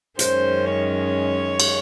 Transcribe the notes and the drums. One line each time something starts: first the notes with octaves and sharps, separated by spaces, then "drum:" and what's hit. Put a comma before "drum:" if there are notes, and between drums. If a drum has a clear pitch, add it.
F#2 D#3 G#3 C#4 C5, drum: hi-hat
C#5
drum: cymbal